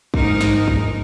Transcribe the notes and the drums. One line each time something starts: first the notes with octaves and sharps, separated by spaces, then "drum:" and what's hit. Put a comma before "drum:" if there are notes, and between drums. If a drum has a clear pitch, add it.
G#2 D#4 A#4, drum: kick
drum: snare
drum: kick